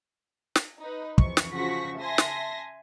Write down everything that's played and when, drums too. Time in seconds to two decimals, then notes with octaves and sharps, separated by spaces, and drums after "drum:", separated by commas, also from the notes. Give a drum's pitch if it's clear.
0.56 drum: snare
0.82 D#4 B4
1.18 F2 C3 E3 C#6, drum: kick
1.37 drum: snare
1.50 C#3 F3 F#4 C#6 A#6 B6
1.98 E5 G#5 A5 C6 A#6
2.18 drum: snare